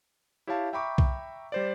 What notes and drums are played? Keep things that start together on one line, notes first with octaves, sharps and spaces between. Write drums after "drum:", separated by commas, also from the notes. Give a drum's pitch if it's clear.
E4 G4 C#5 E5 F5 A5
E5 G5 A#5 B5 C#6 D6
drum: kick B1
G3 C5 D5